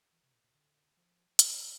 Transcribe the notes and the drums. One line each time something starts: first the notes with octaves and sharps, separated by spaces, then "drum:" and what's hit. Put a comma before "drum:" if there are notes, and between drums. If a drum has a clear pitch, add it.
E3
C3
A#2
A#2
D3
F3
E3, drum: hi-hat